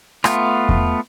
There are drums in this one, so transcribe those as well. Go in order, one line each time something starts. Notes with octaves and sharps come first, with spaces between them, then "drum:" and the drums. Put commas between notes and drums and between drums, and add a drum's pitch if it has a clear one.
A3 B3 F4, drum: rim click
drum: kick E2